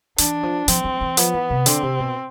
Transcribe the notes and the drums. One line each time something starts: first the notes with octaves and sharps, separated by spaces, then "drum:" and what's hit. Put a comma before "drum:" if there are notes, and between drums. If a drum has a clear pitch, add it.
E3 D4, drum: hi-hat
F3
F3 C4, drum: hi-hat
F3
E3
F3 B3, drum: hi-hat
E3
C3
D3 C4, drum: hi-hat
C3
B2